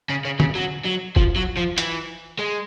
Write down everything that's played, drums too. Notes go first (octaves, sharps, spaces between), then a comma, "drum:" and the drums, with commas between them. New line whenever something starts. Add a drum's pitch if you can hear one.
C#3
C#3
C#3, drum: tom
F#3
F#3
F3, drum: kick F1
F#3
F3
E3, drum: hi-hat
G#3